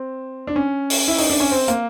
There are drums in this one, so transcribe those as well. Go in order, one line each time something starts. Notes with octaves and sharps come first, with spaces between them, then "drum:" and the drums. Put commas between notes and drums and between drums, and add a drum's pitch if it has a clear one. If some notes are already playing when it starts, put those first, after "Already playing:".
Already playing: C4
D4
C#4
drum: open hi-hat
E4
D#4, drum: open hi-hat
D4
C#4
C4
A#3, drum: hi-hat